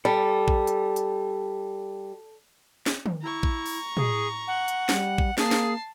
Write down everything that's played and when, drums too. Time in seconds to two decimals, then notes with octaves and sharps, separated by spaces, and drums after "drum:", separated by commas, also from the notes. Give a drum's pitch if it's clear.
0.05 G3 A4
0.48 drum: kick A#1
0.67 drum: hi-hat
0.96 drum: hi-hat
2.86 drum: snare
3.06 drum: tom
3.22 E4 A#5 C#6
3.43 drum: kick A#1
3.66 drum: open hi-hat
3.97 G#4, drum: tom
4.47 F#5
4.68 drum: hi-hat
4.89 G3, drum: snare
5.18 drum: kick A#1
5.38 A#3 G#4 A5 C7, drum: snare
5.51 drum: snare